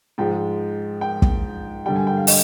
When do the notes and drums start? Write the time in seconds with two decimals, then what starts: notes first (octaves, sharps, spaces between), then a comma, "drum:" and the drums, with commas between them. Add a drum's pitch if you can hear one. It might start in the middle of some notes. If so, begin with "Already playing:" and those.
0.18 G#2 F3 G#3 G5
1.01 G5
1.22 drum: kick
1.85 G2 D3 G3 G5
1.96 G#5
2.07 G5
2.17 F5
2.27 D#5, drum: open hi-hat